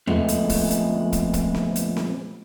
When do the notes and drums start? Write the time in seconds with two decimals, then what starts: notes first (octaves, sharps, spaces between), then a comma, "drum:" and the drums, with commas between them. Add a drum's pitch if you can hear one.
0.07 F2 A#2 G#3 A3 B3, drum: tom D#2
0.28 drum: hi-hat
0.49 drum: kick, open hi-hat
0.70 drum: hi-hat
1.12 drum: kick, hi-hat
1.34 drum: kick, hi-hat
1.55 drum: snare C4
1.76 drum: hi-hat
1.97 drum: snare C4